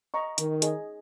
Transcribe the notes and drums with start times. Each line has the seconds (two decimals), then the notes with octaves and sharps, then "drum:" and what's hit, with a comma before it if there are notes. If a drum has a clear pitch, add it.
0.14 D#5 A#5 C#6
0.38 D#3 D#4, drum: hi-hat
0.62 G#4 D#5, drum: hi-hat